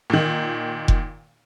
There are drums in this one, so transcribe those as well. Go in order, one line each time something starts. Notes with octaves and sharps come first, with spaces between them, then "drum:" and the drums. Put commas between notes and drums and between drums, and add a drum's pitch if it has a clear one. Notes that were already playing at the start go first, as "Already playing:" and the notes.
A#2 D#3
drum: kick F1